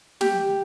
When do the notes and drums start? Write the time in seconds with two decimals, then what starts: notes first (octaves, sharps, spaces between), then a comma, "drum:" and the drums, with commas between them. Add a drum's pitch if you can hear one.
0.21 G4, drum: snare